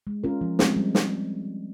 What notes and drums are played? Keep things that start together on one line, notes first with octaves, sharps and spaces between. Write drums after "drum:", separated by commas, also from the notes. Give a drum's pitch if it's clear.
G#3
C#4 F4 A#4
F3
G#3 C4, drum: snare
G3
drum: snare